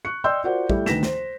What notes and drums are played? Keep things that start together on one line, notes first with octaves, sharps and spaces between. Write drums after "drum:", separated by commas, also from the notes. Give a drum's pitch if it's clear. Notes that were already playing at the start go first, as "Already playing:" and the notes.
C#6 F#6 C#7
D5 D#5 G5 C6 E6 G6
F4 F#4 A#4 C5 D5 F#5
G3 A3 E4 G4, drum: kick
D2 D#3 B4 A#6 B6 E7, drum: snare
C5, drum: snare